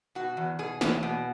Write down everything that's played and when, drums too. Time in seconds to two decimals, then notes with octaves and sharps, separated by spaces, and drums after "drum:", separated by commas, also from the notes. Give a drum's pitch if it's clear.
0.15 B2 F#4
0.37 E2
0.59 B2 G#4
0.81 E2, drum: snare
1.03 B2